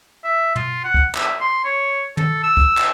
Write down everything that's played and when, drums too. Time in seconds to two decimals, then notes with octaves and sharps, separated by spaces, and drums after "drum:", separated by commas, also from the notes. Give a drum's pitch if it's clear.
0.24 E5
0.56 F4, drum: tom
0.84 F#5
0.94 drum: kick
1.15 E5, drum: clap
1.40 C6
1.64 C#5
2.17 A4, drum: tom
2.43 E6
2.57 drum: kick
2.77 drum: clap